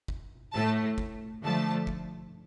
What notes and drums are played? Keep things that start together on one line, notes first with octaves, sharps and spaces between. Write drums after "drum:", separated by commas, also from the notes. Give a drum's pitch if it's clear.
drum: kick
A2 A3 A5
drum: kick
D3 F3 A3 A5
drum: kick